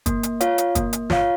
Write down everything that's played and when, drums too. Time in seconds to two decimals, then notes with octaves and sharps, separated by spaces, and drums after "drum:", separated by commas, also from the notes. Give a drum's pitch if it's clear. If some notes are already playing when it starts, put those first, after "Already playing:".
0.06 A#3, drum: kick, hi-hat
0.23 drum: hi-hat
0.41 F4 C#5 F5, drum: hi-hat
0.58 drum: hi-hat
0.75 A#3, drum: kick, hi-hat
0.93 drum: hi-hat
1.10 F4 C#5 F5, drum: snare